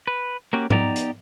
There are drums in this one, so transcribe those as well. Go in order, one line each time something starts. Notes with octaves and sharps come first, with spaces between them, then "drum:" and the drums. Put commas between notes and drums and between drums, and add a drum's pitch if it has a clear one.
B4
A#3 C#4 F#4 G4
B3 D#4 G4 D5 G#5 A#5, drum: tom G#2
drum: hi-hat